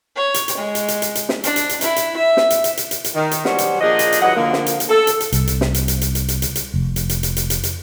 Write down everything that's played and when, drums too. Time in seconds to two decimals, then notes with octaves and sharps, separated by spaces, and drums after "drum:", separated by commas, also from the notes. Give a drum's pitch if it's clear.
0.15 C#5
0.34 drum: hi-hat
0.48 drum: hi-hat
0.57 G#3
0.75 drum: hi-hat
0.88 drum: hi-hat
1.02 drum: hi-hat
1.15 drum: hi-hat
1.29 drum: snare
1.44 D4, drum: hi-hat
1.56 drum: hi-hat
1.69 drum: hi-hat
1.81 E4, drum: hi-hat
1.96 drum: hi-hat
2.17 E5
2.37 drum: snare
2.50 drum: hi-hat
2.64 drum: hi-hat
2.77 drum: hi-hat
2.91 drum: hi-hat
3.04 drum: hi-hat
3.15 D#3
3.31 drum: hi-hat
3.45 B2 F#3 G3 F#4 C5 F#5, drum: snare
3.58 drum: hi-hat
3.81 A#2 F3 D4 G#4 D#5
3.99 drum: hi-hat
4.12 drum: hi-hat
4.21 D#2 E3 F#3 D#5 F#5
4.36 D3 F3 A#3
4.53 drum: snare
4.66 drum: hi-hat
4.80 drum: hi-hat
4.89 A4
5.07 drum: hi-hat
5.20 drum: hi-hat
5.32 C2, drum: hi-hat
5.47 drum: hi-hat
5.61 drum: snare
5.74 drum: hi-hat
5.88 drum: hi-hat
6.01 drum: hi-hat
6.15 drum: hi-hat
6.28 drum: hi-hat
6.42 drum: hi-hat
6.55 drum: hi-hat
6.74 F1
6.96 drum: hi-hat
7.09 drum: hi-hat
7.23 drum: hi-hat
7.36 drum: hi-hat
7.50 drum: hi-hat
7.63 drum: hi-hat